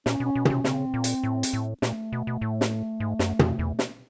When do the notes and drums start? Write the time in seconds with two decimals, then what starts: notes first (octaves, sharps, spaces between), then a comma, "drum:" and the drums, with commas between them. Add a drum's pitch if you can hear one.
0.06 A#2 C#4, drum: snare
0.20 B2
0.25 C#4
0.35 B2
0.45 C3 C#4, drum: tom
0.64 C#3 C4, drum: snare
0.94 A#2
1.04 drum: hi-hat
1.23 A2
1.43 drum: hi-hat
1.53 A2
1.82 A#2 A3, drum: snare
2.12 B2
2.27 B2
2.41 A2
2.61 drum: snare
3.00 G#2
3.19 F#2, drum: snare
3.39 F2, drum: tom
3.59 E2
3.79 drum: snare